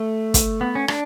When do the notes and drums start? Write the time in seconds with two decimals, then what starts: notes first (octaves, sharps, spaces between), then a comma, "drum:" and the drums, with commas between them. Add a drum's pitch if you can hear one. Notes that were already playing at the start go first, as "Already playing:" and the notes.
Already playing: A3
0.34 drum: kick, hi-hat
0.61 B3
0.75 C#4
0.88 D4, drum: rim click